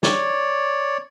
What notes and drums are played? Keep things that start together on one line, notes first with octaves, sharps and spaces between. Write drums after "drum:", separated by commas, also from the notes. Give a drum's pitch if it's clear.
C#5 D5, drum: snare